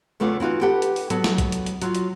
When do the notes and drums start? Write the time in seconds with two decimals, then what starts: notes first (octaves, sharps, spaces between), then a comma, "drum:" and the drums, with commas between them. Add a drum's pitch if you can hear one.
0.20 E2 C#3 A3 B3 F4 D5
0.40 E3 D#4 F4 F#4
0.61 G4 A4 B4 F#5 G5
0.82 drum: hi-hat
0.96 drum: open hi-hat
1.10 F#3 B3 A4, drum: hi-hat
1.24 drum: snare
1.38 drum: kick, hi-hat
1.52 drum: hi-hat
1.66 drum: hi-hat
1.82 F#3 F4, drum: hi-hat
1.95 drum: hi-hat